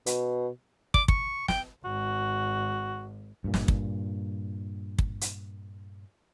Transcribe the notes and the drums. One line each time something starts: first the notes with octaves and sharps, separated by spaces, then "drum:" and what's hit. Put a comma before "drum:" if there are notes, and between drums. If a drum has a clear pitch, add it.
B2, drum: hi-hat
D6, drum: kick
C#6, drum: kick
G5, drum: snare
G#1 F#4
G2 A#2
drum: snare
drum: kick
drum: kick
drum: hi-hat